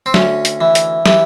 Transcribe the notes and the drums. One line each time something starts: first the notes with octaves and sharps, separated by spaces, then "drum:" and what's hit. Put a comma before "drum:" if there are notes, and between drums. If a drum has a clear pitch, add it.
C4
D2 C#4, drum: snare
drum: hi-hat
E3
drum: hi-hat
E3 G4, drum: snare